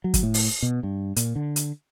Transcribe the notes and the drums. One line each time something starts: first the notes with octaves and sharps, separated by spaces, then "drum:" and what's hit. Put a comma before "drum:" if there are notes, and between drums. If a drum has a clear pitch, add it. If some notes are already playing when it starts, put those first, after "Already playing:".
F#3
drum: kick, hi-hat
A2
drum: open hi-hat
B2
G2
A#2, drum: hi-hat
D3
drum: hi-hat